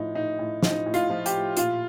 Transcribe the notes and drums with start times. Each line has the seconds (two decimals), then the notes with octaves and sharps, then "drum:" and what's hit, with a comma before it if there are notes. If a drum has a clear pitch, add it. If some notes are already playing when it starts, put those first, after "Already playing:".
Already playing: A2 F3 D#4
0.15 A2 D#4
0.39 A2
0.63 F3 D#4, drum: snare
0.86 A2
0.94 F4, drum: hi-hat
1.10 F3
1.26 G4, drum: hi-hat
1.33 A2
1.57 A#2 F4, drum: hi-hat